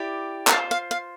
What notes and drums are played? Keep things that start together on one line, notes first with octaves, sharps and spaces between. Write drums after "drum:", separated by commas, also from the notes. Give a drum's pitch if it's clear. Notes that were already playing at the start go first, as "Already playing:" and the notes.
Already playing: E4 G4 D5
A#5, drum: clap
F4 C5 F5 A5
F5
F5